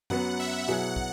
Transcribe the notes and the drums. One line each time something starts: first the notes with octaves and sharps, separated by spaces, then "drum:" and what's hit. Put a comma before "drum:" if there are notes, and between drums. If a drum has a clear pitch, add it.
F#2 F#3 B3 F#4 F#5, drum: tom F#2
E5
B2 F#3 E4 G#4 F#5
drum: kick